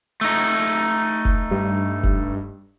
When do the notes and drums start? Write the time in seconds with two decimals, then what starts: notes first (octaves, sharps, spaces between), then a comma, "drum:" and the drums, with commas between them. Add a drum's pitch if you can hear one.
0.21 A3 D#4
1.25 drum: kick
1.51 G2
2.03 drum: kick